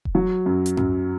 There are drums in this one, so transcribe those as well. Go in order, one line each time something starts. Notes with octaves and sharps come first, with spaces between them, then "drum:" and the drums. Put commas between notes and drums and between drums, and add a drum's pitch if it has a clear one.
drum: kick E1
F#3
F#2
drum: hi-hat
F#2, drum: tom G#2